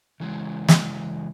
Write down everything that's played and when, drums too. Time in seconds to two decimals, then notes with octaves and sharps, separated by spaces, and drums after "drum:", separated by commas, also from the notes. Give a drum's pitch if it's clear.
0.20 C#3 E3 G#3
0.68 drum: snare